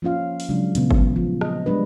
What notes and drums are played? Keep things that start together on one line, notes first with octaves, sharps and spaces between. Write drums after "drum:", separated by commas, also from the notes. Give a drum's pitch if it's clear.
F3 A#3 C#4 F4 F5
drum: open hi-hat
C#3 F#3 G#3 D4
A#2 C#3 B3, drum: hi-hat
drum: kick G1
F3
D#5, drum: rim click
G3 G#3 D4 B4